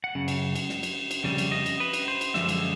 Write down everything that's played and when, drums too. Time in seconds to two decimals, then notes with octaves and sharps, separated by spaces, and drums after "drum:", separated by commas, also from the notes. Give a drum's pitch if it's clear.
0.04 F#5
0.15 F#2 C#3
0.28 drum: cymbal
0.55 drum: cymbal
0.69 drum: snare
0.83 drum: cymbal
1.11 drum: cymbal
1.24 F2 C#3 G3
1.38 drum: cymbal
1.51 D#5
1.66 drum: cymbal
1.80 B4
1.93 drum: cymbal
2.08 C5
2.21 drum: cymbal
2.34 F#2 D3 F3 G#3 E5, drum: snare
2.49 drum: cymbal